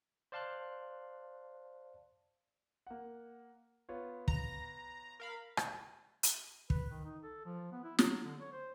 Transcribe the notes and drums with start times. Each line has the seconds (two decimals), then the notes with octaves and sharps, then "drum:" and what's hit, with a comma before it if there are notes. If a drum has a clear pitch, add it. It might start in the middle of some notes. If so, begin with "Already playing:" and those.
0.32 C5 D5 F5 A5 C6 F#6
2.87 A#3 F#5
3.89 B3 F4 C#5
4.28 A#5, drum: kick
5.20 A#4 F5 B5
5.57 drum: rim click
6.23 drum: hi-hat
6.70 B4, drum: kick
6.91 D#3
7.05 D#4
7.23 A4
7.45 F3
7.72 B3
7.84 E4
7.99 F#3, drum: snare
8.24 D3
8.40 C#5
8.53 C5